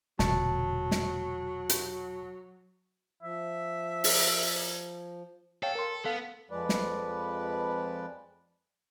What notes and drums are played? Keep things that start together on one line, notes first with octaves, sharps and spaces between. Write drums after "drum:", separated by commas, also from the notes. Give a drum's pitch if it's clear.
E1 A#2 D3 F#3 A5, drum: snare
drum: snare
drum: hi-hat
F3 E5
drum: open hi-hat
A4 C#5 F5 G5
A#4 C6
B3 A4 F5
F2 F3 G#3 B4 D5
drum: snare